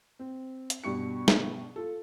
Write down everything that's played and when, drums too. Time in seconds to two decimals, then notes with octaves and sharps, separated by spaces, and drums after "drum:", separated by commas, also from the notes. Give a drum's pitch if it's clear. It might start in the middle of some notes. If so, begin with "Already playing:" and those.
0.19 C4
0.70 drum: hi-hat
0.84 G2 B2 G3 C#6 C#7
1.28 drum: snare
1.76 F4 A4